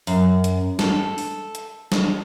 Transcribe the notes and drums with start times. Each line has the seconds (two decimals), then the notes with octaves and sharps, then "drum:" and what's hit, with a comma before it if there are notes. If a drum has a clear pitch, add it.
0.07 F#2, drum: open hi-hat
0.44 drum: hi-hat
0.79 A4, drum: snare
1.18 drum: open hi-hat
1.55 drum: hi-hat
1.92 drum: snare